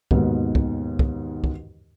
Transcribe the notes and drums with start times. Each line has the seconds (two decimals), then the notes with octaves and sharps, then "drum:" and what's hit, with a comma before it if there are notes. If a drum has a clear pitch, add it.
0.11 D#2 G#2 B2, drum: kick
0.55 drum: kick
0.99 drum: kick
1.44 drum: kick